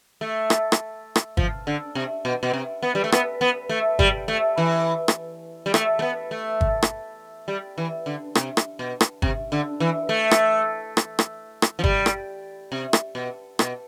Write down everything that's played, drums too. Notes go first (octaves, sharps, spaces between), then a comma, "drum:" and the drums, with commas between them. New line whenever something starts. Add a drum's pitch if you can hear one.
A3
drum: rim click
drum: rim click
drum: rim click
F3, drum: kick G1
D3
C3
B2
B2
C3
B3
G3
A3
B3, drum: rim click
B3
A3
G3, drum: kick G1
A3
E3
drum: rim click
G3
A3, drum: rim click
A3
B3
A3
drum: kick G1
drum: rim click
G3
E3
D3
C3, drum: rim click
drum: rim click
B2
drum: rim click
C3, drum: kick G1
D3
E3
A3
drum: rim click
drum: rim click
drum: rim click
drum: rim click
F3
G3, drum: kick G1
drum: rim click
C3
drum: rim click
B2
B2, drum: rim click